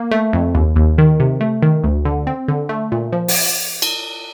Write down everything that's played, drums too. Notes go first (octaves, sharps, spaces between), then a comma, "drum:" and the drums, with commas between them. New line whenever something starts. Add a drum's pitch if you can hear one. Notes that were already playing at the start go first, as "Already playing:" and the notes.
Already playing: A#3
A3
F2
D#2
D#2
D#3
C3
A3
D#3
D2
D3
C4
D3
A3
A#2
F3
drum: open hi-hat
drum: cymbal